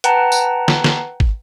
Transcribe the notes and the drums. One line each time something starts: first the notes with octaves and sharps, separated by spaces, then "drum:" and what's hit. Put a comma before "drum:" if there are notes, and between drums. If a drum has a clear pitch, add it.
B4 F#5 G5 A5 A#5, drum: hi-hat
drum: tambourine
drum: snare
drum: snare
drum: kick